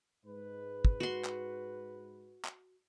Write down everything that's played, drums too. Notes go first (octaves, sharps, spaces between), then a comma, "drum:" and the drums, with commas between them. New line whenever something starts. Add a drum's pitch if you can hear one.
G#2 G#3 B4
drum: kick
F#4 C6
drum: clap
drum: clap